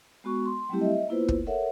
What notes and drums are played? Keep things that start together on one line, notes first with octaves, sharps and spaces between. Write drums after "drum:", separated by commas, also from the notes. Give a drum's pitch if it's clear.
G#3 B3 F#4 C#6
C6
F#3 G3 A3 C4 E4 G4
D#5 E5
A#3 B3 E4 F4 B4 C5
drum: kick
A4 A#4 C#5 E5 F#5